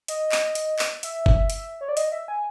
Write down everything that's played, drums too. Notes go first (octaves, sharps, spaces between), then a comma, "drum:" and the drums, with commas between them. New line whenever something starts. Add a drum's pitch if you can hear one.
D#5, drum: hi-hat
drum: clap
drum: hi-hat
drum: clap
E5, drum: hi-hat
drum: kick G1
drum: hi-hat
C#5
D5
D#5, drum: hi-hat
E5
G#5